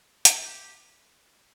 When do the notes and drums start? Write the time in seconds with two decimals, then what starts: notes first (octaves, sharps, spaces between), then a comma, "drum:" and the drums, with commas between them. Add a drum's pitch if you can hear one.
0.25 G4, drum: hi-hat
0.35 A4
0.44 G4